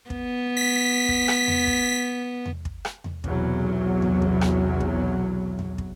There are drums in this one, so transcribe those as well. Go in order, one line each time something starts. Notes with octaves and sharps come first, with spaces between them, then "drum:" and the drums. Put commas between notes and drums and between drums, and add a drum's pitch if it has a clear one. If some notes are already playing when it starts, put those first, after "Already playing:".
B3, drum: kick
B6
drum: kick
drum: rim click
drum: tom E2
drum: kick
drum: tom E2
drum: kick
drum: rim click
drum: tom E2
B1 E2 C3 F#3, drum: kick
drum: tom E2
drum: kick
drum: rim click
drum: kick
drum: tom E2
drum: kick